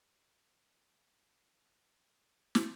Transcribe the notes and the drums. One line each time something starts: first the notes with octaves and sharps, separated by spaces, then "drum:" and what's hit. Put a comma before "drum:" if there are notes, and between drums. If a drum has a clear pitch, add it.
E4
F#4
drum: snare